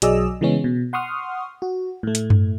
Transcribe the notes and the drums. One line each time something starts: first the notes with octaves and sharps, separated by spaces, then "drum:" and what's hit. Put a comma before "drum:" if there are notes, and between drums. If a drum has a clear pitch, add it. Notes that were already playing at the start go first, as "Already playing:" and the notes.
B1 F#3 G#4 D5 D#5 E6, drum: hi-hat
C#3 E3 G#3 B3 C#4
B2
F#5 C6 C#6 D#6 F6
F#4
A2 A3
drum: hi-hat
drum: tom G2